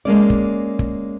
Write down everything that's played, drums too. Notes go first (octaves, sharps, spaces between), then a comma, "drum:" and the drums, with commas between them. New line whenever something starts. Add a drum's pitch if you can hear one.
G#3 A#3 C#4 D5
drum: kick
drum: kick